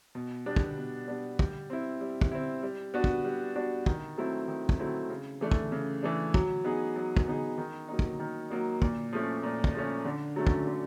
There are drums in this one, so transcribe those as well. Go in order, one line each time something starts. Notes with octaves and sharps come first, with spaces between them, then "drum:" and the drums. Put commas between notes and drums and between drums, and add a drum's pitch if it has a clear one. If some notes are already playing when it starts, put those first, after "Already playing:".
B2
G3 B3 D4
drum: kick
B2
G3 B3 D4
G3, drum: kick
C4 E4
G3
drum: kick
C4 E4
G3
B3 D4 F#4
drum: kick
G3
B3 D4 F#4
D#3, drum: kick
F#3 A3 C4 E4
D#3
drum: kick
F#3 A3 C4 E4
C#3
E3 A3 D4
drum: kick
C#3
E3 A3 D4
F#3, drum: kick
B3 D#4 G#4
F#3
drum: kick
B3 D#4 G#4
D#3
F#3 A#3 D#4
drum: kick
D#3
F#3 A#3 D#4
A#2, drum: kick
F3 A3 C#4
A#2
drum: kick
F3 A3 C#4
D3
F#3 A3 C#4
drum: kick
D3